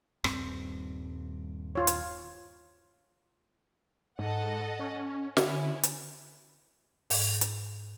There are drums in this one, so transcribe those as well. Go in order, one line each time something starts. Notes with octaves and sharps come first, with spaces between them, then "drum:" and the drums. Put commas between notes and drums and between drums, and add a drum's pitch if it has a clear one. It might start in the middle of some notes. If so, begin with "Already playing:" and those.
D#1 G2 C4, drum: rim click
F4 C#5
drum: hi-hat
G#2 A4 D#5 F#5
C#4
D3 C#4 E4, drum: snare
drum: hi-hat
G#2, drum: open hi-hat
drum: hi-hat